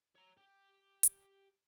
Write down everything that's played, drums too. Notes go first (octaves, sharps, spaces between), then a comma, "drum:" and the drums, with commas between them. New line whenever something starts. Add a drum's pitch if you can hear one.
C#5 A#5
G4
drum: hi-hat